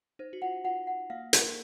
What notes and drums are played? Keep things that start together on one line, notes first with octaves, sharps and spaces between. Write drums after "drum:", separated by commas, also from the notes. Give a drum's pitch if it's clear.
D#4 C5
F#4
F4 F#5
F4 F#5
F#5
A#3 F5
A#4, drum: hi-hat